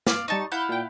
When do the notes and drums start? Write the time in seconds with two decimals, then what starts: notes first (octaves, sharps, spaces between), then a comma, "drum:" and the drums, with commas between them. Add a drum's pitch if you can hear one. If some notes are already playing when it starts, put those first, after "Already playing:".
0.07 D5 F5, drum: snare
0.28 G3 D#4 A5 C#6
0.52 E4 F5 F#5 G6
0.69 A#2 G5